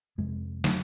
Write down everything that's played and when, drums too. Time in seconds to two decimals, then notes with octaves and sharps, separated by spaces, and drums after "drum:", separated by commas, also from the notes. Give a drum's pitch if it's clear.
0.18 F2 C3 G#3
0.64 F#3, drum: snare